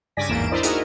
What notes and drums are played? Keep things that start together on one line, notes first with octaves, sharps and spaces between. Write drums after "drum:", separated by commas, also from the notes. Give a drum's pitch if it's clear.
G2 C#3 D5 G#5 A#6 B6
A1 E2 G#2 A#3 D7 E7
D4 E4 A#4 C5 D5 D#5
D#4 E4 F#4 G#4 A#4 D#5, drum: hi-hat